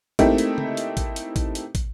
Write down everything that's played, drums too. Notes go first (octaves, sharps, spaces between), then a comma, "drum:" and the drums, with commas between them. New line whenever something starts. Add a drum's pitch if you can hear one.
A3 A#3 C4 D#4 E4 G4, drum: kick, hi-hat
drum: hi-hat
drum: tom C#3
drum: hi-hat
drum: kick, hi-hat
drum: hi-hat
drum: kick, hi-hat
drum: hi-hat
drum: kick, hi-hat